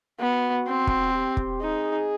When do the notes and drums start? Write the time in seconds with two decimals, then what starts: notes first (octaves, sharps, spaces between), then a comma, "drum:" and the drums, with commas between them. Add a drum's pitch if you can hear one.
0.20 B3 F#4
0.67 C4
0.87 drum: kick
1.14 G4
1.37 drum: kick
1.61 D#4 G#4